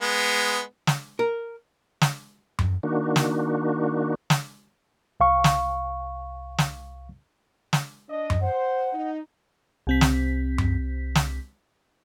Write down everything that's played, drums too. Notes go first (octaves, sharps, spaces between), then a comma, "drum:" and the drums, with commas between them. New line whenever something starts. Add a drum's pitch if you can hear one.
G#3 B3
drum: snare
A#4
drum: snare
drum: tom F#2
D#3 A#3 D4 F#4
drum: snare
drum: snare
C2 F5 C#6
drum: snare
drum: snare
drum: snare
D4 D#5
drum: tom F#2
C5 F#5
D#4
C2 C4 B6
drum: snare
drum: tom F#2
drum: snare